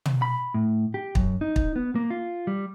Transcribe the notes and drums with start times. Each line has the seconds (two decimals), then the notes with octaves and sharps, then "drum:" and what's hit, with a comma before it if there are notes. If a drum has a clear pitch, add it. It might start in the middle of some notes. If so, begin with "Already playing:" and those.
0.05 drum: tom
0.22 B5
0.54 A2
0.94 G4
1.15 F#2, drum: kick
1.41 D#4
1.56 drum: kick
1.76 B3
1.95 A#3
2.10 F4
2.47 G3